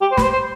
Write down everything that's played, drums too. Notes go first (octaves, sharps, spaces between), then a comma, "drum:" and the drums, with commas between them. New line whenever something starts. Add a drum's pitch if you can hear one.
G4
C5
B4, drum: snare
C5
C5